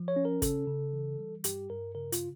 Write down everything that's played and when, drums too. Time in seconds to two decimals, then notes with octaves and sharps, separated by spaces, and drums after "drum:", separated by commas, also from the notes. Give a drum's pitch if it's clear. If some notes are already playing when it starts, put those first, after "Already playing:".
Already playing: F3
0.08 C#5
0.16 C#4
0.25 A#4
0.42 C#3 A4, drum: kick, hi-hat
0.67 C#3
0.93 E3
1.19 G3
1.44 G2 G4, drum: hi-hat
1.70 G2 A#4
1.95 C#3 A#4
2.12 F4, drum: hi-hat